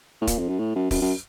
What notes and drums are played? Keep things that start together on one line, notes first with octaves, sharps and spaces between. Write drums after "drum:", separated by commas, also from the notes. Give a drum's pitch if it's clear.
A2
A#2, drum: kick, hi-hat
F2
F#2
A2
F#2
F#2, drum: kick, open hi-hat
F#2